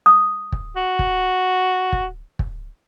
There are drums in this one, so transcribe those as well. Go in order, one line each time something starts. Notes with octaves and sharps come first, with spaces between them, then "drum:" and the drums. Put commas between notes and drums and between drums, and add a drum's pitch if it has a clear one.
D#6
drum: kick
F#4
drum: kick
drum: kick
drum: kick